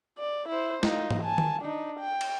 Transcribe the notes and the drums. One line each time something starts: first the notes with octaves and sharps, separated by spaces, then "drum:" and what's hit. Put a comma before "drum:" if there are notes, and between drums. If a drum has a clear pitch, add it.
D5
E4 C5
D#4 F4, drum: snare
drum: tom
G#5 A5
drum: tom D#3
D4 D#4
G5
drum: cymbal